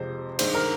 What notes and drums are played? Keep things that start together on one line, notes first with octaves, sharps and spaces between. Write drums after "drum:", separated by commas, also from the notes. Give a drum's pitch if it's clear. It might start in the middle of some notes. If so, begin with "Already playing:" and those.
Already playing: F2 C3 F3 G#3 C5
G2 D#3 G#3 C5, drum: cymbal
A#4